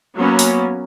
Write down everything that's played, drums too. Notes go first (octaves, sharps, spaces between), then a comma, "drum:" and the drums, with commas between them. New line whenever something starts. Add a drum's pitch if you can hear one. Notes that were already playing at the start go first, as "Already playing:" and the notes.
F#3 A#3 B3 C#4
drum: open hi-hat